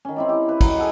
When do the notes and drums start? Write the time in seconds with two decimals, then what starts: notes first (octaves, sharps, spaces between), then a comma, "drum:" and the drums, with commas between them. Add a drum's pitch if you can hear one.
0.05 D#3 C#4
0.16 C4 E4 D5
0.29 G4
0.49 B4 E5
0.61 F#3 D#4 G4, drum: kick, cymbal
0.78 G#4 A4 C#5 F#5